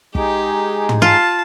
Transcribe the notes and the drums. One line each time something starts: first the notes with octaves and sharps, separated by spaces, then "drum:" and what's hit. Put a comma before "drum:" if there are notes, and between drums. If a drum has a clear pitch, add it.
G#3 D#4 G4 G#4, drum: kick
drum: tom
F4 A5